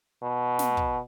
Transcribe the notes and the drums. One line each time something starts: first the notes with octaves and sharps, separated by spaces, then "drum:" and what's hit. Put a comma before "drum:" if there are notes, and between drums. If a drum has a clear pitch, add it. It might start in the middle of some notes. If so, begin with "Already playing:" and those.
B2
drum: snare
drum: kick